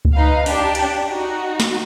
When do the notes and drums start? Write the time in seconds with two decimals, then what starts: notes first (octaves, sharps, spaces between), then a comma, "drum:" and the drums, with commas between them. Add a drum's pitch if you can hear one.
0.05 drum: kick C#2
0.14 D#4 B4 F5
0.46 D4 G4, drum: open hi-hat
0.75 drum: cymbal
1.05 D#4 F#4
1.60 drum: snare